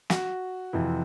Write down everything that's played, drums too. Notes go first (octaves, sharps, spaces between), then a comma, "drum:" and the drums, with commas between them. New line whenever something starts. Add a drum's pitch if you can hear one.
F#4, drum: snare
F2 C3 E3